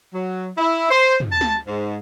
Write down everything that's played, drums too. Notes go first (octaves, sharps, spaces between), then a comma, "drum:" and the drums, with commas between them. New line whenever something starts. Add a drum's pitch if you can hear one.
F#3
E4
C5
drum: tom
A5
drum: snare
G#2